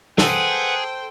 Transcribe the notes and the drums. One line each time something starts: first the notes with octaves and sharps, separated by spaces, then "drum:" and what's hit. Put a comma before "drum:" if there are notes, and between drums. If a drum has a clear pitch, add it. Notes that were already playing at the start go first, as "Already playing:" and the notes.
G#4 A4 B4 C5 F#5 G5, drum: snare